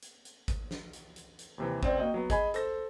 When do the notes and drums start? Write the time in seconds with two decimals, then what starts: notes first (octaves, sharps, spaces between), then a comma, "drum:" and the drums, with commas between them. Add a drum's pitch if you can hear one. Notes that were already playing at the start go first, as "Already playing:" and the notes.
0.03 drum: hi-hat
0.25 drum: hi-hat
0.48 drum: kick G#1, hi-hat
0.71 drum: snare
0.93 drum: hi-hat
1.16 drum: hi-hat
1.39 drum: hi-hat
1.58 D#2 C3 E3
1.83 C#2 C4 D5 G5, drum: kick G#1
1.98 A#3 F#4 D#5 G5
2.14 F#3 B3
2.30 G#4 D#5 G#5 B5, drum: kick G#1, hi-hat
2.54 A4 C5 A#6, drum: hi-hat